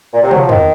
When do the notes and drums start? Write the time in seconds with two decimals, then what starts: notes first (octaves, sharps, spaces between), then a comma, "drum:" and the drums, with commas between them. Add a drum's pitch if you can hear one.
0.13 A#2
0.23 C3
0.31 F#3, drum: tom
0.40 F3
0.49 D#3, drum: tom E2